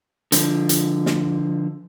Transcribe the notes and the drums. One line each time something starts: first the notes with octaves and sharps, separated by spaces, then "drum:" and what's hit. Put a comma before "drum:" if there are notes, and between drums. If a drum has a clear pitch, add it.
D3 F3, drum: hi-hat
drum: hi-hat
drum: snare